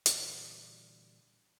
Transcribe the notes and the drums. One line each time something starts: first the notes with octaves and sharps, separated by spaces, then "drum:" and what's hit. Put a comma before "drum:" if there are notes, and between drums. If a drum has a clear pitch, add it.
A#2 D3 E3 G3 F#4, drum: hi-hat